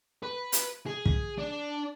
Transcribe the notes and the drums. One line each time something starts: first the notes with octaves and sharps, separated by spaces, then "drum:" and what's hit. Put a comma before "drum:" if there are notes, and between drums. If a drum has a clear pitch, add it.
B4
drum: hi-hat
G#4
drum: kick
D4